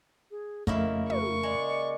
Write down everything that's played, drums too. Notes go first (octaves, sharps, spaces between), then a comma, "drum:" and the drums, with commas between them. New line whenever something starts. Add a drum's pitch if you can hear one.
G#4
F2 C#3 A3 A#3 E4 D#5, drum: kick
F#4 C#6, drum: tom
G#3 D5